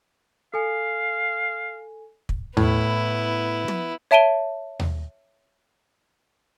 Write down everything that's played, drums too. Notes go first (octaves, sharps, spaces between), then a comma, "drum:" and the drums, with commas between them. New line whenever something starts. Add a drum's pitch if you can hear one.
A4 F5 G#5
drum: kick
A2 B3 E4, drum: tom D#2
drum: tom
C#5 E5 A5 D7 D#7 G7
drum: tom D#2